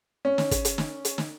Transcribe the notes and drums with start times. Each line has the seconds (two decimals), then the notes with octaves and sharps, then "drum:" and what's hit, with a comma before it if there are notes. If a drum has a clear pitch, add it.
0.25 C#4
0.38 drum: snare
0.51 drum: kick, hi-hat
0.65 drum: hi-hat
0.78 drum: snare
1.05 drum: hi-hat
1.18 drum: snare